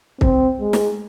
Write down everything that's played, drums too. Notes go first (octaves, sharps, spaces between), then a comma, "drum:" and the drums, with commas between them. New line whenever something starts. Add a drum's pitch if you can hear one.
C4, drum: kick C2
G#3
drum: snare